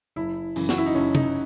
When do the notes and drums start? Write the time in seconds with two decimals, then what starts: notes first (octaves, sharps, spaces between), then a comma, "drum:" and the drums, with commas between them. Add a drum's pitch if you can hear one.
0.16 F#1 E4
0.56 F#2 C#3 E3, drum: open hi-hat
0.69 F#4, drum: snare
0.78 E4
0.86 D#4
0.95 F#1 C#4
1.15 D#4, drum: tom C3